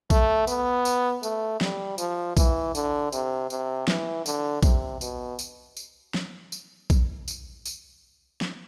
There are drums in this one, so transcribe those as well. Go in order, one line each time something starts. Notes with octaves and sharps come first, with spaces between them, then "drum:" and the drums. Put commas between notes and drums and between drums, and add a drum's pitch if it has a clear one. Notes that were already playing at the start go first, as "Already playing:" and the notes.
A3, drum: kick A#1, tambourine
B3, drum: tambourine
drum: tambourine
A3, drum: tambourine
G3, drum: snare
F3, drum: tambourine
E3, drum: kick A#1, tambourine
D3, drum: tambourine
C3, drum: tambourine
C3, drum: tambourine
E3, drum: snare
D3, drum: tambourine
C3, drum: kick A#1, tambourine
B2, drum: tambourine
drum: tambourine
drum: tambourine
drum: snare
drum: tambourine
drum: kick A#1, tambourine
drum: tambourine
drum: tambourine
drum: snare